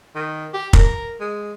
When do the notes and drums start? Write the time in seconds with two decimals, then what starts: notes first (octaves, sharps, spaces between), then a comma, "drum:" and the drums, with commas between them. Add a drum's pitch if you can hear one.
0.15 D#3
0.53 G4
0.73 A#4, drum: kick
1.20 G#3